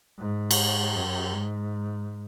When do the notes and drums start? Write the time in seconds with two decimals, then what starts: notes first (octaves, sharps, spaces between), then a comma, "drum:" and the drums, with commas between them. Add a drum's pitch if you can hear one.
0.19 G#2
0.51 drum: cymbal
0.95 F#2
1.34 G#2